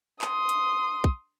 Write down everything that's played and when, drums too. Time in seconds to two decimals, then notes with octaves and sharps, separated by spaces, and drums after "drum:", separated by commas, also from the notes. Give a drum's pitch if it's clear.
0.21 C6 D#6, drum: clap
0.49 drum: hi-hat
1.04 drum: kick